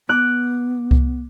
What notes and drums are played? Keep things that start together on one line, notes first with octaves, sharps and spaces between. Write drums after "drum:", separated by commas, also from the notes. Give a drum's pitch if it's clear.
B3 D6 F#6
drum: kick C2